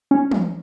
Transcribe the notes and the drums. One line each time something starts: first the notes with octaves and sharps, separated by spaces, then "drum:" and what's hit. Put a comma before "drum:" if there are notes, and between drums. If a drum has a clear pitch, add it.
C#4
drum: tom